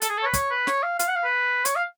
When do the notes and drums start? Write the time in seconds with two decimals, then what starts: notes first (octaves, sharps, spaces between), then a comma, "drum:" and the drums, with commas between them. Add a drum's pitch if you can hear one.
0.02 A4, drum: hi-hat
0.09 G#4
0.18 A4
0.22 C#5
0.26 B4
0.33 C#5, drum: kick, hi-hat
0.50 B4
0.67 C#5, drum: snare
0.83 F5
0.99 F5, drum: hi-hat
1.08 F#5
1.16 F5
1.24 B4
1.65 C#5, drum: hi-hat
1.76 F5